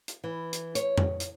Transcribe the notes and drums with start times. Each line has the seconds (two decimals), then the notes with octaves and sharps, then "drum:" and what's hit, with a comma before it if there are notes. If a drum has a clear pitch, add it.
0.08 drum: hi-hat
0.24 E3
0.53 drum: hi-hat
0.75 C#5, drum: hi-hat
0.98 drum: tom
1.20 drum: hi-hat